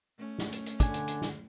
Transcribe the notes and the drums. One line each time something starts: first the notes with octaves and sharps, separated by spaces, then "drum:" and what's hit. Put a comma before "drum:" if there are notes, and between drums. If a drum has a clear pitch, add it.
A3 C#4
drum: snare
drum: hi-hat
drum: hi-hat
D3 D4 G#5, drum: kick, hi-hat
drum: hi-hat
drum: hi-hat
drum: snare